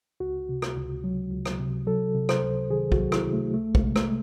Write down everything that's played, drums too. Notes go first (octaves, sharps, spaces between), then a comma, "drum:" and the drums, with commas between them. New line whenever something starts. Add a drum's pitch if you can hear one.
C#2 F#4
C3
drum: rim click
C#2
F#3
C#2
drum: rim click
C3
F#3 A4
C3
C5, drum: rim click
C#2
D#3 G#4
F#4, drum: kick
F#3
E4, drum: rim click
C3
A3
C#2 A3
G#3, drum: kick
C3
A3, drum: rim click